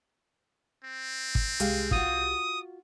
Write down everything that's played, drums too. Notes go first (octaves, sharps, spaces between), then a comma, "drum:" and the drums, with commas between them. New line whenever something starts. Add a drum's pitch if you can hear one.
C4
drum: kick
C2 G#3 G4 F5, drum: hi-hat
F4 F#4 D#6, drum: kick